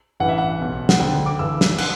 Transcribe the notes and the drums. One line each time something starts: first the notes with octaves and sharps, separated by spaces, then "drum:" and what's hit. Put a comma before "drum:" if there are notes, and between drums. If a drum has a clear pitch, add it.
A1 G2 E3 F#5
E5
F#5
B1 B2
F#5, drum: snare
D2 D3 G5
D6
G1 G2 E3 E6
drum: snare
F#6, drum: cymbal